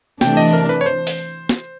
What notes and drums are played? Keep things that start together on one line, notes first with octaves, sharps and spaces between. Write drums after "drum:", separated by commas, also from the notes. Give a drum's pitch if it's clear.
C3 E3 A3 D4 G5, drum: snare
D#5
A#4
B4
C#5
C5
drum: open hi-hat
drum: snare